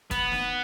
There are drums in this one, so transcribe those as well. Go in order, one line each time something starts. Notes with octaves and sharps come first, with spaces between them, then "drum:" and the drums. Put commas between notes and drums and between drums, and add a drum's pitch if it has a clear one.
B3, drum: kick, hi-hat
drum: snare